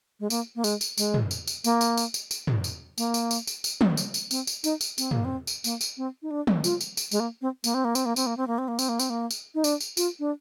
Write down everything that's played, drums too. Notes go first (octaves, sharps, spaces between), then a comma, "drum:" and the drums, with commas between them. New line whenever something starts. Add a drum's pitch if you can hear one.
G#3
A#3, drum: tambourine
A#3
G#3, drum: tambourine
drum: tambourine
G#3, drum: tambourine
drum: tom
drum: tambourine
drum: tambourine
A#3, drum: tambourine
drum: tambourine
drum: tambourine
drum: tambourine
drum: tambourine
drum: tom
drum: tambourine
A#3, drum: tambourine
drum: tambourine
drum: tambourine
drum: tambourine
drum: tambourine
drum: tom
drum: tambourine
drum: tambourine
C4, drum: tambourine
drum: tambourine
D#4, drum: tambourine
drum: tambourine
C4, drum: tambourine
A#3, drum: tom
C4
drum: tambourine
A#3, drum: tambourine
drum: tambourine
C4
D#4
D4
drum: tom
F4, drum: tambourine
drum: tambourine
drum: tambourine
G#3, drum: tambourine
A#3
C4
A#3, drum: tambourine
C4
A#3
C4, drum: tambourine
A#3
C4, drum: tambourine
A#3
C4
A#3
C4
A#3
C4, drum: tambourine
A#3
C4, drum: tambourine
A#3
drum: tambourine
D#4
D4, drum: tambourine
drum: tambourine
F4, drum: tambourine
D4